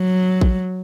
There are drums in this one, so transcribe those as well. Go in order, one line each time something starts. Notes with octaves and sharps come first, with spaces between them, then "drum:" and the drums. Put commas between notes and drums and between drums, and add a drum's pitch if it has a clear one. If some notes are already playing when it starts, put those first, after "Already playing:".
Already playing: F#3
drum: kick A1